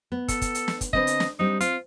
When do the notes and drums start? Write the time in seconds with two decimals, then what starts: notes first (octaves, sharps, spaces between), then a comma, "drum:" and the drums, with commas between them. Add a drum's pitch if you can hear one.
0.12 B3
0.28 A4, drum: kick, hi-hat
0.42 drum: kick, hi-hat
0.55 drum: hi-hat
0.68 drum: snare
0.81 drum: kick, hi-hat
0.93 D3 C4 B4 D#5, drum: kick
1.07 drum: hi-hat
1.20 drum: snare
1.39 G3 C4 D4 D#4
1.60 C4 F4, drum: hi-hat